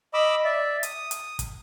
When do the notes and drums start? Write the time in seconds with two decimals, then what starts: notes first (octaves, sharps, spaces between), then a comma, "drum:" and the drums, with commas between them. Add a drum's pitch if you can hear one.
0.14 D#5 B5 D6 E6
0.45 D5 E5
0.83 D#6, drum: hi-hat
1.11 drum: hi-hat
1.39 drum: kick, hi-hat